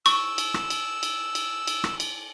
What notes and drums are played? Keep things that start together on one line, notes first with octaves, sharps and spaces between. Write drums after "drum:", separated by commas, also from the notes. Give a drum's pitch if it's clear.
C#6 E6, drum: cymbal
drum: cymbal
drum: rim click
drum: cymbal
drum: cymbal
drum: cymbal
drum: cymbal
drum: rim click
drum: cymbal